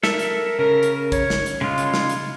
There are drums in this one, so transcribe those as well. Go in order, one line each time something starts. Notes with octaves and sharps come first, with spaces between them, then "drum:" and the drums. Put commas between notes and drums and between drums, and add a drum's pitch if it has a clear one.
A4 A#4 E5, drum: snare
drum: hi-hat
C#3 A#4
drum: hi-hat
C#5, drum: kick, hi-hat
drum: snare
drum: hi-hat
C#3 G#3 F4
drum: hi-hat
drum: snare
drum: hi-hat